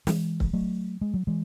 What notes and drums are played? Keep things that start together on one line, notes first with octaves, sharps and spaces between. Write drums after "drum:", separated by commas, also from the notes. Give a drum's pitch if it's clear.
E3 G#3, drum: snare
drum: kick C#1
F#3 A3
G#3
F#3
E3 G#3